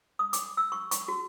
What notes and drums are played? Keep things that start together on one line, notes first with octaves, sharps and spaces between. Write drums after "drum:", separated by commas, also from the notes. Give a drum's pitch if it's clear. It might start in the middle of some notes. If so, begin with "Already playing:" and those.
D#6
D6, drum: hi-hat
E6
C#6
C#6, drum: hi-hat
F#4